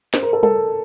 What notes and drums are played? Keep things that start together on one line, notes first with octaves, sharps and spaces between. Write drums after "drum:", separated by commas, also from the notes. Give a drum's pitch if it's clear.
C5, drum: snare
A#4
A4
A4, drum: tom G3